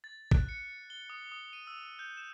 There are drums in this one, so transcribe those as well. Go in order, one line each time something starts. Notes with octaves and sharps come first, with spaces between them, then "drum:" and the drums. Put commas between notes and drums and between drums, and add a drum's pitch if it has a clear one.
A6
F#6, drum: kick G#1
C#7
G7
D#6
D#6
D#7
E6
G6
E7